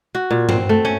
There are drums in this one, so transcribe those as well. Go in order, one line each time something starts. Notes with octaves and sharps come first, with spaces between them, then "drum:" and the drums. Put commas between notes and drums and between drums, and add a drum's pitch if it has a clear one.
F#4
A#2
C4, drum: tom G2
A3
C#4